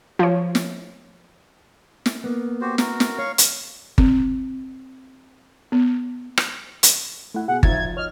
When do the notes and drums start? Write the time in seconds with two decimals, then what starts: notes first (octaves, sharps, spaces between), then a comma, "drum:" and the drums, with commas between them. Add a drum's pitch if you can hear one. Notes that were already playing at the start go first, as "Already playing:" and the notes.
0.19 F3 C#5
0.55 drum: snare
2.06 drum: snare
2.24 A#3 B3
2.61 F#4 G4 C5
2.78 F#4 A#4, drum: snare
3.00 drum: snare
3.18 C#5 F5 C#6
3.38 drum: hi-hat
3.98 C4, drum: kick G1
5.72 B3
6.38 drum: rim click
6.83 drum: hi-hat
7.34 A3 E4 F#5
7.48 B2 G#4 F#5
7.63 G#1 G#2 F3 E5 G#6 A6, drum: kick G1
7.97 C#5 D#5 F6